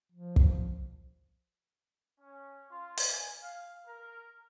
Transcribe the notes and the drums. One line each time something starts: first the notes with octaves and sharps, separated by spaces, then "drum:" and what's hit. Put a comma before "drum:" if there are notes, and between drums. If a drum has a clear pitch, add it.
F3
drum: kick
C#4
F4
drum: open hi-hat
G#5
F5
A#4